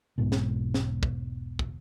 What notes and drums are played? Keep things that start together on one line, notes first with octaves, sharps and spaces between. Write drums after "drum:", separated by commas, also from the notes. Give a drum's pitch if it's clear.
E1 B1 G#2 B2
drum: snare
drum: snare
drum: kick
drum: kick